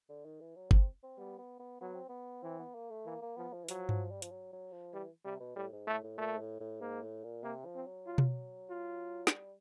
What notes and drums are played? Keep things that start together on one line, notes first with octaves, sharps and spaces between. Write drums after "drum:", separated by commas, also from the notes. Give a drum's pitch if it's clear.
D3
D#3
E3
F#3
C4, drum: kick G1
C4
G3 B3
B3
B3
F#3 B3
C4
B3
E3 C4
B3
A#3
A3
E3 A#3
A#3
F3 B3
F3
E3
F3 F#3, drum: hi-hat
F3, drum: tom G2
G3
F3, drum: hi-hat
F#3
F#3
F3
E3 G3
C3 G3
B2
A2 G3
G#2
A2 A3
A2
A#2 A3
G#2
A2
A2
G#2 A#3
A2
A#2
C3 A#3
F3
C4
F#3
F4
drum: tom B2
F4
G#3, drum: snare
G3